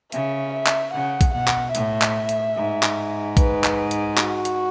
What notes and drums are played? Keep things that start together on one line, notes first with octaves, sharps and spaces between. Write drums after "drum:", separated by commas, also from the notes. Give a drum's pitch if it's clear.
C#3 E5, drum: hi-hat
E5
drum: clap
C#3 F#5
drum: kick A#1, hi-hat
B2 F#5
drum: clap
A2 E5, drum: hi-hat
drum: clap
drum: hi-hat
G#2
drum: clap
B4, drum: kick A#1, hi-hat
drum: clap
drum: hi-hat
F#4, drum: clap
drum: hi-hat